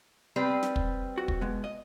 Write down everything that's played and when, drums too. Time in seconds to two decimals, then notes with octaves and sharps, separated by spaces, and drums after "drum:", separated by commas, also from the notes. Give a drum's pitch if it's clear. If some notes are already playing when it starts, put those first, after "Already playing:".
0.36 G3 C4 B4
0.63 drum: snare
0.76 drum: kick
1.18 F#4
1.28 drum: kick
1.41 B2 G#3 B3
1.64 D#5